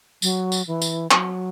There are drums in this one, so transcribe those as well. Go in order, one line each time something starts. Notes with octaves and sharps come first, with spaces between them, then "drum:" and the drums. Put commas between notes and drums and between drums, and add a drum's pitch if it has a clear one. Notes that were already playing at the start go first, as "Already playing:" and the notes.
F#3, drum: tambourine
drum: tambourine
E3
drum: tambourine
F#3, drum: clap